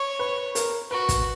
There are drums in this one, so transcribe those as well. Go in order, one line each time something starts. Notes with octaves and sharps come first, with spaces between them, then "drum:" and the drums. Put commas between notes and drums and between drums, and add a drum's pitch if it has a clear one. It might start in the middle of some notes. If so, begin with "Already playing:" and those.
Already playing: C#5
B4
A#4, drum: hi-hat
F#4 B4
drum: kick, hi-hat